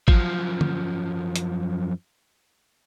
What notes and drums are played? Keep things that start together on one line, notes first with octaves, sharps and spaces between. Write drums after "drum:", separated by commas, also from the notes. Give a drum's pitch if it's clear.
F#2 F3, drum: kick G#1
drum: tom
drum: hi-hat